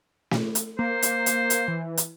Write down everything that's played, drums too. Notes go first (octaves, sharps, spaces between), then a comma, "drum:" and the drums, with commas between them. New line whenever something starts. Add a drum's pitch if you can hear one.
drum: snare
drum: hi-hat
A#3 C5
drum: hi-hat
drum: hi-hat
drum: hi-hat
E3
drum: hi-hat